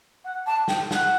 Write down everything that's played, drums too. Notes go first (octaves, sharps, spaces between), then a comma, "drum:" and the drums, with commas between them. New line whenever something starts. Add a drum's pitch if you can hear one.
F#5
A5
G5, drum: snare
F#5, drum: snare